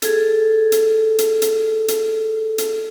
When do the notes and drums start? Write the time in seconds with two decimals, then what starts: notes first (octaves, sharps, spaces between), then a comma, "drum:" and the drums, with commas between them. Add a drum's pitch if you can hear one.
0.02 G#4 A4, drum: hi-hat
0.72 drum: hi-hat
1.18 drum: hi-hat
1.42 drum: hi-hat
1.88 drum: hi-hat
2.58 drum: hi-hat